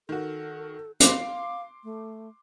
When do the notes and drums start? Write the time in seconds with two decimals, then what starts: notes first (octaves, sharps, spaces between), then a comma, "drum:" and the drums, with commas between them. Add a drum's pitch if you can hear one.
0.09 D#3 F#4 A4
1.00 F5 C6 D6 C7, drum: hi-hat
1.84 A3